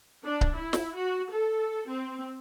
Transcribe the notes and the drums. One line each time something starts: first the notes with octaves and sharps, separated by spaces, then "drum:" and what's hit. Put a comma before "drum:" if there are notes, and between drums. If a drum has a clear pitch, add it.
D4
drum: kick C#1
E4
drum: snare
F#4
A4
C4